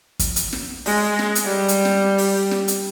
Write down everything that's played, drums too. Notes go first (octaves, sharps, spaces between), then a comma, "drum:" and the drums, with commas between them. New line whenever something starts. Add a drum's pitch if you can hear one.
drum: kick, hi-hat
drum: hi-hat
drum: snare
G#3, drum: open hi-hat
drum: snare
drum: hi-hat
G3
drum: hi-hat
drum: snare
drum: open hi-hat
drum: snare
drum: hi-hat